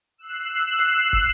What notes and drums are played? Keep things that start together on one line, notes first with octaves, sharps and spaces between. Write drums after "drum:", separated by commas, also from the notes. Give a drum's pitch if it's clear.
E6 F#6 C7
drum: hi-hat
drum: kick